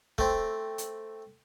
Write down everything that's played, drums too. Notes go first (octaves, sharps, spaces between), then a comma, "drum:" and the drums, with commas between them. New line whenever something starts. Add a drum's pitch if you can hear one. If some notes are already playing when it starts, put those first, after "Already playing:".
A3 C4, drum: kick
drum: hi-hat